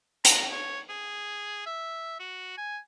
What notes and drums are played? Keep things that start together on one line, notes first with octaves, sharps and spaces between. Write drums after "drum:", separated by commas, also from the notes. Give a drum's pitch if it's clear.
A#5, drum: hi-hat
C#5
G#4
E5
F#4
G#5